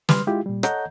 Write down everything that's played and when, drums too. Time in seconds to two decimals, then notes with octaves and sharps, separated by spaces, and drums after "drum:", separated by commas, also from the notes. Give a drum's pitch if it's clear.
0.09 G3 B4 C6 F6, drum: snare
0.27 G#3 E4 F4 G4
0.46 A#2 G3
0.63 A4 C#5 D#5 F#5 A#5 G6, drum: rim click